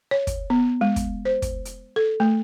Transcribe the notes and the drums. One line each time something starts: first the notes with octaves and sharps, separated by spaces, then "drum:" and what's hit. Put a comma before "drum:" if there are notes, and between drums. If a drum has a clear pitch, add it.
C#5
drum: kick, hi-hat
B3
G#3
drum: kick, hi-hat
C5
drum: kick, hi-hat
drum: hi-hat
A4
A3